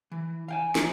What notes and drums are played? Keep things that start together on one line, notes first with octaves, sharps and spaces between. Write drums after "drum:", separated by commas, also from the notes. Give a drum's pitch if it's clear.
E3
F5 G5 G#5
F3 A#3, drum: snare